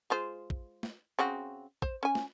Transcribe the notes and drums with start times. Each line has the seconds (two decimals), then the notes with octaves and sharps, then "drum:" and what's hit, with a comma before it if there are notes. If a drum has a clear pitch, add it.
0.10 G#3 F4 C5
0.50 drum: kick
0.83 drum: snare
1.19 C#3 C4 F#4
1.82 C5, drum: kick
2.03 C#4 G#5
2.15 drum: snare